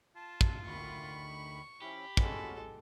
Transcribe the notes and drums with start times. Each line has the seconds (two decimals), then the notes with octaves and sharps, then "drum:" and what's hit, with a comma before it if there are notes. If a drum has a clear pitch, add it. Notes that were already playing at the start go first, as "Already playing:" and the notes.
0.16 F4 A5
0.41 drum: kick
0.67 D2 D#3 B5 C#6
1.82 F3 C#4 E4 G4 B5
2.17 G#3 C#4 F#4 A4, drum: kick